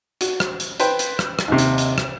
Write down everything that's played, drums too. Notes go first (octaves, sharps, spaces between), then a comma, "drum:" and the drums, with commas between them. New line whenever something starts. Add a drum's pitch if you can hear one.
F#4, drum: hi-hat
drum: rim click
drum: hi-hat
B4 C5 G5, drum: hi-hat
drum: hi-hat
drum: rim click
drum: rim click
D#2 C3
drum: hi-hat
drum: hi-hat
drum: rim click